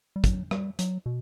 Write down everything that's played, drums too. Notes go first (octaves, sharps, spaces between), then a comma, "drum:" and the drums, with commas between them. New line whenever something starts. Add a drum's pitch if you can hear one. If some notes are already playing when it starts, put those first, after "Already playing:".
G3
F#3, drum: kick, hi-hat
G3, drum: rim click
F#3, drum: hi-hat
B2